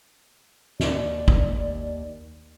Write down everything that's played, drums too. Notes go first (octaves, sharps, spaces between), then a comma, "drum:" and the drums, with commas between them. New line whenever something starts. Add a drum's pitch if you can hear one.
D#2 D5, drum: snare
drum: kick